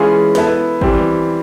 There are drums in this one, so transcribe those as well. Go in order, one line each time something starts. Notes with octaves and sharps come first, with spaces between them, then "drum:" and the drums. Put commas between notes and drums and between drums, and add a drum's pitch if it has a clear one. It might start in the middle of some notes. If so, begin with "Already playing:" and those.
Already playing: E3 G#3 C#4 F4 G#4
B3 E4 A4, drum: snare
E3 G3 C4, drum: kick G#1